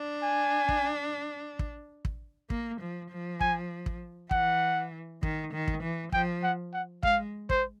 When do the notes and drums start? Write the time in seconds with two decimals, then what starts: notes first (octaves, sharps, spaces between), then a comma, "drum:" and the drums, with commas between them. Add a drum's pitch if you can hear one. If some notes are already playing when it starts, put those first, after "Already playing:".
Already playing: D4
0.23 G#5
0.69 drum: kick
1.59 drum: kick
2.05 drum: kick
2.50 A#3, drum: kick
2.81 F3
3.11 F3
3.41 G#5, drum: kick
3.86 drum: kick
4.31 E3 F#5, drum: kick
5.23 D#3, drum: kick
5.53 D#3
5.68 drum: kick
5.83 E3
6.12 F3 G5, drum: kick
6.43 F#5
6.73 F#5
7.03 G#3 F5, drum: kick
7.50 C5, drum: kick